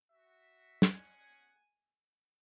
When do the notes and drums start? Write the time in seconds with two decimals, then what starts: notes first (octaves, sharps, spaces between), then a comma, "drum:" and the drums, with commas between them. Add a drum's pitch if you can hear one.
0.10 F#4 E5
0.82 C#4 G#4 C#5 F#5 G#5, drum: snare